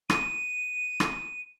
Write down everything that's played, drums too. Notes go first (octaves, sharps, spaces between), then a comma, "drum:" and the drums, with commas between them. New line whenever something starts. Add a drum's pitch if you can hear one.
D#7, drum: rim click
drum: rim click